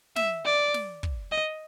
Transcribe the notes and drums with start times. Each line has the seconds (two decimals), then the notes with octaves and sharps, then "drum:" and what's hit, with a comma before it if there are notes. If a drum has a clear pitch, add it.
0.16 E5, drum: snare
0.45 D5
0.74 drum: snare
1.03 drum: kick
1.32 D#5